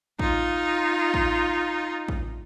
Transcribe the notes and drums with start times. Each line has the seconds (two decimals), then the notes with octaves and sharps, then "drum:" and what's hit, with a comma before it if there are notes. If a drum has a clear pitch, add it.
0.19 D#4 F4, drum: kick A1
1.14 drum: kick A1
2.08 drum: kick A1